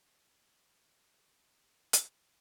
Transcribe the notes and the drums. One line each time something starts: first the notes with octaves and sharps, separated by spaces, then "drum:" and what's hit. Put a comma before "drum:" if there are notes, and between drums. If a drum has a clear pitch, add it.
E4 C5 C#5 C6
F#7
C#5
drum: hi-hat
A#4